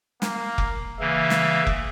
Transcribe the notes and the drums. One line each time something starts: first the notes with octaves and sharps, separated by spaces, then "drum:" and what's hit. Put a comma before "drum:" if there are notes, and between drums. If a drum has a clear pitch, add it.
A#3, drum: snare
drum: kick F1
C#3 E3 A#3 E5
drum: snare
drum: kick F1